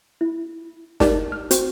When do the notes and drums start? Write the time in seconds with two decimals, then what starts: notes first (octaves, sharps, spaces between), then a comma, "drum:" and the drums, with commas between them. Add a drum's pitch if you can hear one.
0.21 E4
1.00 D#4 G4 A#4 D5 A5, drum: snare
1.32 F6
1.51 C4 F#4 C5, drum: hi-hat